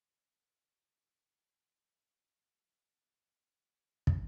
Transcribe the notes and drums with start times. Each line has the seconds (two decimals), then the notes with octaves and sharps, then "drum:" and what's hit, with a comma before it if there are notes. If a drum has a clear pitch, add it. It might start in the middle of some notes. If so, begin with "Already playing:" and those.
Already playing: G#4
0.69 G4
1.19 A4
1.68 G#4
2.67 G#4
3.17 G4
4.07 drum: kick